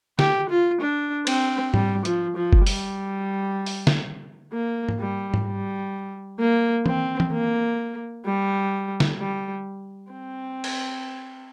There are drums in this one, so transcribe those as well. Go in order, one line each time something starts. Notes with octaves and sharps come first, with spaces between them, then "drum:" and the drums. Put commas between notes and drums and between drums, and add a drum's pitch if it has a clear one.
G4, drum: snare
F4
D4
C4, drum: cymbal
G3, drum: tom G#2
F3, drum: hi-hat
F3
drum: kick F#1
G3, drum: open hi-hat
drum: open hi-hat
drum: snare
A#3
drum: tom G#2
G3
drum: tom G#2
G3
A#3
C4, drum: tom E3
drum: tom E3
A#3
G3
drum: snare
G3
C4
drum: cymbal